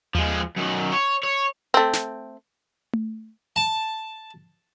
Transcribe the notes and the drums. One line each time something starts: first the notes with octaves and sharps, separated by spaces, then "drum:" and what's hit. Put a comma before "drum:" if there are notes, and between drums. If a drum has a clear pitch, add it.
F3 G#3, drum: tom D#2
F#2 D#3
C#5
C#5
A3 C4
drum: snare
drum: tom A3
A5